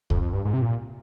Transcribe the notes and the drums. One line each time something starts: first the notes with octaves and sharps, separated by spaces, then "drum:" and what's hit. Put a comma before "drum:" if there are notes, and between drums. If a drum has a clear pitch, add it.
F2, drum: kick C2
F2
G2
G#2
C3
A#2